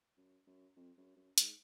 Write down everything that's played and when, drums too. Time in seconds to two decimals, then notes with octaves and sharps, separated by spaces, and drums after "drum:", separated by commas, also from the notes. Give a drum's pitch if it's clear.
0.17 F#2
0.47 F#2
0.76 F2
0.97 F#2
1.17 F#2
1.38 G#2, drum: hi-hat